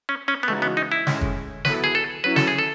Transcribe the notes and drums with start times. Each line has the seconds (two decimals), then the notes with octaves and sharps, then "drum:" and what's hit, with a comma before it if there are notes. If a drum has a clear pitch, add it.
0.09 C#4
0.28 C#4
0.43 B3
0.48 C#3 E3 G#3 A3 D#4 F#4
0.62 B3
0.77 D#4
0.92 E4
1.07 A2 G#3 C#4, drum: snare
1.21 drum: kick
1.65 F#3 B3 E4 A4 B4, drum: snare
1.84 G#4
1.95 A4
2.24 F#3 C#4 E4 B4
2.36 A4, drum: snare
2.47 G#4
2.58 A4